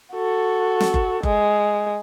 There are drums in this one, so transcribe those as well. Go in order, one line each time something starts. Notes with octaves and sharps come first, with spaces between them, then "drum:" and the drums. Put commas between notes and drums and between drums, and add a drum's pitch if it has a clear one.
F#4 A4
drum: snare
drum: kick F#1
G#3, drum: kick F#1